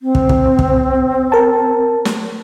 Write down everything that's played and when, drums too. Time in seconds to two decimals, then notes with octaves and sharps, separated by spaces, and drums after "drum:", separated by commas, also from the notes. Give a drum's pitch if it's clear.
0.02 C4
0.15 drum: kick
0.29 drum: kick
0.59 drum: kick
1.32 A#4 A5
2.05 drum: snare